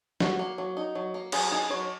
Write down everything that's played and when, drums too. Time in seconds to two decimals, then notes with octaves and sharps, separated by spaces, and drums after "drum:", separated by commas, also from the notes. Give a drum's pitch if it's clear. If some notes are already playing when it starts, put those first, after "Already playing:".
0.20 F#3 F#4, drum: snare
0.39 A#3
0.58 F#3
0.77 D#4
0.95 F#3
1.14 A#3
1.32 F#3 G#4, drum: cymbal
1.51 D#4 G#4
1.70 F#3 C#5